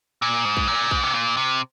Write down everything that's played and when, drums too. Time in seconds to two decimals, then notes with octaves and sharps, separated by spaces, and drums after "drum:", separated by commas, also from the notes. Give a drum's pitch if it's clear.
0.22 A#2
0.45 G#2
0.57 drum: kick A#1
0.68 A#2
0.91 G#2, drum: kick A#1
1.03 C3
1.14 A#2
1.37 C3